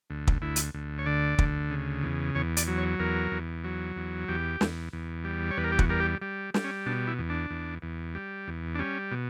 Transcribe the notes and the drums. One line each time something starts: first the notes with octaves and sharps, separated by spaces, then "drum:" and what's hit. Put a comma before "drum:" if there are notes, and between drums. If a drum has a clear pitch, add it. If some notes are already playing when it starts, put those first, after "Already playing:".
D2
drum: kick
D2 E4
drum: hi-hat
D2
C#5
D3 D5
D2, drum: kick
C#3
E2
E2 C#5
D5, drum: hi-hat
F#3
C#5
E2 A#4
E2
F#3
E2
E2 G4
E2, drum: snare
E2
G3
C#5
E2 B4
A#4
G4
F#4, drum: kick
G3 A#4
G4
G3
G3, drum: snare
C#4
B2 D4
E4
E2
D4
E2
E2
G3
E2
D4
G3 C#4
B2